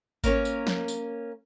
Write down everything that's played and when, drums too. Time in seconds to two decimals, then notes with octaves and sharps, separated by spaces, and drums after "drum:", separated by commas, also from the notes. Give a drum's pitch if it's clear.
0.24 A#3 C#4 A#4 C#5, drum: kick G#1, tambourine
0.45 drum: tambourine
0.67 drum: snare
0.88 drum: tambourine